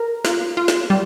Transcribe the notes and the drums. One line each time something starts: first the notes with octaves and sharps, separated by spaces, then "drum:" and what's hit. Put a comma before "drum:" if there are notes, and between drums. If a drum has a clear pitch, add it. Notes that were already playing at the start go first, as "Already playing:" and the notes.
Already playing: A#4
F4, drum: snare
F4
drum: snare
G3